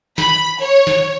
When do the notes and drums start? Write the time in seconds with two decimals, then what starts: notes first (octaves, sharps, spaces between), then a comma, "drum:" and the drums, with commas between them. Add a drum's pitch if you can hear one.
0.18 B5, drum: snare
0.60 C#5
0.87 drum: snare